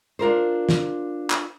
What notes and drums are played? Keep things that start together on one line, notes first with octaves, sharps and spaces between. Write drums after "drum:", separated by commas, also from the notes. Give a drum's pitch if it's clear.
D4 F4 A#4 C5
drum: snare
drum: clap